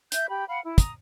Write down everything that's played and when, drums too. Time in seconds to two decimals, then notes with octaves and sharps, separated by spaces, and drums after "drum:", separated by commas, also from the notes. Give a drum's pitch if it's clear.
0.12 E5 G6, drum: hi-hat
0.29 G4 B5
0.49 F5 F#5 B5
0.64 E4
0.78 A#5 D#6, drum: kick, hi-hat